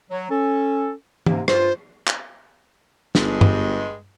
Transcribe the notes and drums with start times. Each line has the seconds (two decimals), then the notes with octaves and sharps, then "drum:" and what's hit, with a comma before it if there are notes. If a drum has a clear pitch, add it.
0.11 F#3
0.29 C#4 A4
1.26 G#2 C3 A#3, drum: tom
1.48 G2 F4 C5, drum: rim click
2.07 drum: clap
3.15 G1 G2 G#3, drum: snare
3.41 drum: tom G2